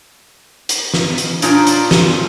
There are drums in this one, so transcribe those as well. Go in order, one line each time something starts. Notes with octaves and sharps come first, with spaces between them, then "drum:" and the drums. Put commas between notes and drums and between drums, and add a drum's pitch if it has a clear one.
drum: hi-hat
drum: snare
drum: hi-hat
A#2 D4 D#4 F4 C#5, drum: hi-hat
drum: hi-hat
drum: snare